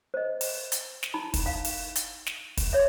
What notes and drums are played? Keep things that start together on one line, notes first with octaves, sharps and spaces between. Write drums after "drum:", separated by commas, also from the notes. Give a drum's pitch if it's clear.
C5 D#5
drum: open hi-hat
drum: hi-hat
drum: snare
D#4 E4 B5
drum: kick, open hi-hat
D#4 F5
drum: open hi-hat
drum: hi-hat
drum: snare
drum: kick, open hi-hat
C#5 E5